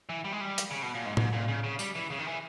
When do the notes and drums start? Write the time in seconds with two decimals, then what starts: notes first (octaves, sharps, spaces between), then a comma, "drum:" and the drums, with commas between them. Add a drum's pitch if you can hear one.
0.09 E3
0.24 G3
0.32 G#3
0.41 G3
0.58 drum: hi-hat
0.71 C#3
0.82 B2
0.95 A#2
1.06 G#2
1.17 G#2, drum: tom A2
1.33 A#2
1.48 C#3
1.64 C#3
1.79 G3, drum: tambourine
1.95 E3
2.10 C#3
2.19 D#3
2.26 E3